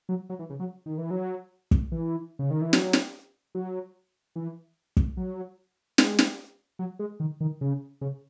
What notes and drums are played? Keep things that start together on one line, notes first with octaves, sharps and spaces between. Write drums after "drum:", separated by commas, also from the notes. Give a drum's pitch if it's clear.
F#3
F#3
E3
C#3
F#3
D#3
E3
F#3
drum: kick
E3
C#3
D#3
E3
F#3, drum: snare
drum: snare
F#3
E3
drum: kick
F#3
G#3, drum: snare
drum: snare
F#3
G#3
D#3
D#3
C#3
C#3